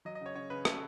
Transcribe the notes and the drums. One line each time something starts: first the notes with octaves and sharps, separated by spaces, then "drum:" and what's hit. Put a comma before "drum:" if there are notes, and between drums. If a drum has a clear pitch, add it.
F#3 D#5
D#5
C#3 C#5
C#3 C#5
C#3 B4
C#3 A4, drum: rim click